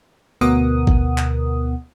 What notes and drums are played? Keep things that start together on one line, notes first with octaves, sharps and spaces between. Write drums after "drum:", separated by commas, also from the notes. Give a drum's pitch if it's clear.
D2 B2 B3 A#4 F#5 D#6
drum: kick G#1
drum: clap